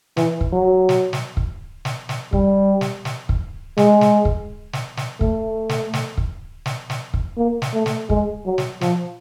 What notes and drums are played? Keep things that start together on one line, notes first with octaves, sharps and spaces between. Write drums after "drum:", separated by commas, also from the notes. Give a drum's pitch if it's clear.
E3, drum: snare
drum: kick
F#3
drum: snare
drum: snare
drum: kick
drum: snare
drum: snare
G3, drum: kick
drum: snare
drum: snare
drum: kick
G#3, drum: snare
drum: snare
drum: kick
drum: snare
drum: snare
A3, drum: kick
drum: snare
drum: snare
drum: kick
drum: snare
drum: snare
drum: kick
A#3
drum: snare
A3
drum: snare
G#3, drum: kick
F#3
drum: snare
F3, drum: snare